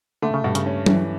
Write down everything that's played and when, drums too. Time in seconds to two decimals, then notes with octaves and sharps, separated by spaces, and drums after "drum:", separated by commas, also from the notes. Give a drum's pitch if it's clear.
0.22 D3 A3
0.34 C#3
0.44 G2 B2
0.55 C#3, drum: hi-hat
0.66 C#4
0.86 E3, drum: tom F#3